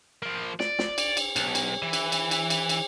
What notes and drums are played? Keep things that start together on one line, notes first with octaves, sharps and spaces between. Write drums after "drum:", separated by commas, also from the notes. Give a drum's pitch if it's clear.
F3 A#3
D5, drum: snare
drum: snare
drum: cymbal
drum: cymbal
B1, drum: cymbal
drum: cymbal
E3
drum: cymbal
drum: cymbal
drum: cymbal
drum: cymbal
drum: cymbal